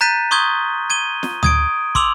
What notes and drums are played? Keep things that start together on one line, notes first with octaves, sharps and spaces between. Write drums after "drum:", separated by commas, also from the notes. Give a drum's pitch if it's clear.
A#5 F#6 G6 A6 B6 D#7
C6 C#6 D#6 G6 G#6 G7
G#6 D#7 G7
drum: snare
D#6 G#6 D7, drum: tom D2
C6 D6 E6 F7 F#7, drum: kick